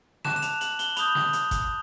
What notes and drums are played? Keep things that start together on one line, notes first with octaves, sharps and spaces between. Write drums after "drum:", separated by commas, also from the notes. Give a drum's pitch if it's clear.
A5 D6 F#6 E7, drum: snare
E7
F7, drum: hi-hat
F#7, drum: hi-hat
G7, drum: hi-hat
B5 D#6 G6 F7, drum: hi-hat
drum: snare
drum: hi-hat
drum: kick G1, hi-hat